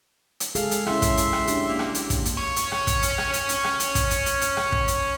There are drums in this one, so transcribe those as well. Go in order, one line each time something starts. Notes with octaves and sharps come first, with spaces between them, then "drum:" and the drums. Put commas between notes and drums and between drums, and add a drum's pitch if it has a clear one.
drum: hi-hat
G#3 G#4 A4 F5, drum: hi-hat
drum: hi-hat
C#4 E4 E5 C6, drum: rim click
drum: kick, hi-hat
drum: hi-hat
drum: rim click
D4 G4, drum: hi-hat
A#3
drum: rim click
drum: hi-hat
drum: kick, hi-hat
drum: hi-hat
C#4 C#5
drum: hi-hat
drum: rim click
drum: kick, hi-hat
drum: hi-hat
drum: rim click
drum: hi-hat
drum: hi-hat
drum: rim click
drum: hi-hat
drum: kick, hi-hat
drum: hi-hat
drum: hi-hat
drum: hi-hat
drum: rim click
drum: kick
drum: hi-hat